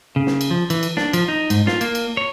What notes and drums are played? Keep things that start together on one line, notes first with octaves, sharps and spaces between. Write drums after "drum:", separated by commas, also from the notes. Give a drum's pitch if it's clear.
C#3
drum: snare
drum: cymbal
F3
E3, drum: cymbal
drum: cymbal
D4, drum: snare
F3, drum: cymbal
D#4
G#2, drum: cymbal
F4, drum: snare
A#3, drum: cymbal
drum: cymbal
C#5